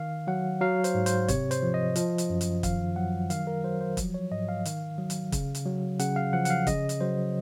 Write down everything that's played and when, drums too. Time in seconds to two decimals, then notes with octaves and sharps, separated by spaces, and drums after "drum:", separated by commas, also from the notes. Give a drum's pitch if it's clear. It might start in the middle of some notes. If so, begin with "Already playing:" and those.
Already playing: D#3 F5
0.27 F#3 F#5
0.61 F#3 F5
0.84 C5, drum: hi-hat
0.95 G#2
1.06 C5, drum: hi-hat
1.28 C3 C#5, drum: kick, hi-hat
1.51 C5, drum: hi-hat
1.62 F3
1.74 D#5
1.96 F3, drum: hi-hat
2.18 drum: hi-hat
2.30 F#2
2.41 drum: hi-hat
2.63 D#3 F5, drum: kick, hi-hat
2.96 F#3 F#5
3.30 D#3 F5, drum: hi-hat
3.47 A#4
3.64 F#3 C5
3.81 C5
3.97 F3, drum: kick, hi-hat
4.14 C#5
4.31 G#2 D#5
4.49 F5
4.65 D#3, drum: hi-hat
4.98 F#3
5.10 drum: hi-hat
5.32 C#3, drum: kick, hi-hat
5.55 drum: hi-hat
5.66 F#3
5.99 C#3 F#5, drum: hi-hat
6.16 F5
6.33 F3 F#5
6.45 F#5, drum: hi-hat
6.50 F5
6.67 C#3 D#5, drum: kick, hi-hat
6.89 drum: hi-hat
7.01 F#3 C5